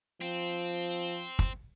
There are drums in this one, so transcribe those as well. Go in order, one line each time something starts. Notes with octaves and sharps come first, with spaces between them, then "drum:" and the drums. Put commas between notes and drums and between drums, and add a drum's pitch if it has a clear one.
F3 C4
drum: kick